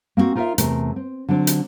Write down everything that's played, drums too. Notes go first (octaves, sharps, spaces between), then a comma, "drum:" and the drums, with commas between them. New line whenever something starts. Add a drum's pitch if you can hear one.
A#3 C4 D4 F#4
D#4 F4 A#4 C#5 E5 F5
E2 C3 A3 A#4, drum: hi-hat
C4
D3 F#3 C4 D4
drum: hi-hat